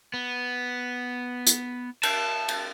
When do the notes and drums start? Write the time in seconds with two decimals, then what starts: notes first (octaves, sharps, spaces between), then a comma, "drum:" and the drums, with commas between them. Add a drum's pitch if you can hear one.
0.14 B3
1.47 drum: hi-hat
2.03 A5, drum: cymbal
2.49 drum: cymbal